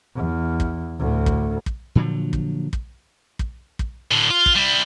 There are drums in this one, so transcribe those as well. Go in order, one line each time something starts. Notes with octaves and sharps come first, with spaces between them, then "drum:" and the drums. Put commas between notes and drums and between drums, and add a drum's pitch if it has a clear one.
E2
drum: kick
D2 A2
drum: kick
drum: kick
A#2 D3 F3 F#3
drum: kick
drum: kick
drum: kick
drum: kick
A2 D3
F4
drum: kick
G3 E4